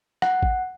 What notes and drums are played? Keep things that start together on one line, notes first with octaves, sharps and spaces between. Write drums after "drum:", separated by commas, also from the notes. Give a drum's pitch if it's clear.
F#5, drum: rim click
drum: kick A1